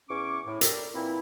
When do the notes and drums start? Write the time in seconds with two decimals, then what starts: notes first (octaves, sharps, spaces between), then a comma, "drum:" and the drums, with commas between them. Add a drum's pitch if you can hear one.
0.09 E2 E3 C#4 C#6 D6
0.46 A2
0.61 G3 A4 A#4, drum: hi-hat
0.94 A#2 E3 C4 E4